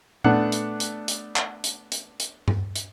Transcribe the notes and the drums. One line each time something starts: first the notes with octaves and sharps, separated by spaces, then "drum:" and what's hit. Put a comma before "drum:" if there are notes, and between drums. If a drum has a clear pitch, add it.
A3 B3 D4 F#5, drum: tom A#2
drum: hi-hat
drum: hi-hat
drum: hi-hat
drum: clap
drum: hi-hat
drum: hi-hat
drum: hi-hat
drum: tom G2
drum: hi-hat